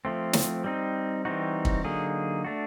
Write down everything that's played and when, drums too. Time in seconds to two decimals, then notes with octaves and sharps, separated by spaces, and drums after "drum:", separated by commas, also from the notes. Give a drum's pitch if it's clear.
0.05 F3 A3 C4
0.33 drum: snare
0.64 G3 C4 D#4
1.25 E3 G3 C4 D#4 F#4
1.65 drum: kick
1.84 D3 F#3 A#3 D#4 G#4
2.45 A3 D4 F#4